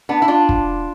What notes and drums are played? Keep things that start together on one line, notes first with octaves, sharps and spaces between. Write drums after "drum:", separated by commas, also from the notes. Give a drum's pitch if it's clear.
B3 D4
E4
D4 F4
drum: kick